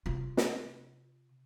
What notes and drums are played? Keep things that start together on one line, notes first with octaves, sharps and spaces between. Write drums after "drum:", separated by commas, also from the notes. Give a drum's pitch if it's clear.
C3 F4
drum: snare